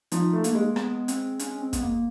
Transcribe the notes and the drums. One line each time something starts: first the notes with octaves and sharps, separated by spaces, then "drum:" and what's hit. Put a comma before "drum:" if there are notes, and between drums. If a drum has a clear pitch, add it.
F3 D#4, drum: hi-hat
A3
A#3, drum: hi-hat
G#3
B3, drum: rim click
C4, drum: hi-hat
C#4, drum: hi-hat
C#4
C4
B3, drum: kick, hi-hat
A#3